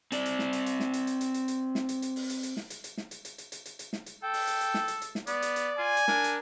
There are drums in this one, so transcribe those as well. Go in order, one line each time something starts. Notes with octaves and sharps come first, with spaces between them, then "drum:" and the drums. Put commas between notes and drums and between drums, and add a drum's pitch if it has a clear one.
C4 D5, drum: hi-hat
drum: hi-hat
drum: snare
drum: hi-hat
drum: hi-hat
drum: snare
drum: hi-hat
drum: hi-hat
drum: hi-hat
drum: hi-hat
drum: hi-hat
drum: snare
drum: hi-hat
drum: hi-hat
drum: open hi-hat
drum: hi-hat
drum: hi-hat
drum: snare
drum: hi-hat
drum: hi-hat
drum: snare
drum: hi-hat
drum: hi-hat
drum: hi-hat
drum: hi-hat
drum: hi-hat
drum: hi-hat
drum: snare
drum: hi-hat
A4 G5
drum: open hi-hat
drum: hi-hat
drum: hi-hat
drum: snare
drum: hi-hat
drum: hi-hat
drum: snare
B3 D5, drum: hi-hat
drum: hi-hat
drum: hi-hat
F4 G#5
drum: hi-hat
D4 A#4, drum: snare
drum: hi-hat